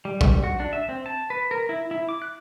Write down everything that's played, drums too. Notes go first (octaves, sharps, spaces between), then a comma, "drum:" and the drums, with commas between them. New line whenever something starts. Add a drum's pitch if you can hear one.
G3
drum: kick
F#4
D4
E5
C4
A5
B4
A#4
E4
E4
D6
F#6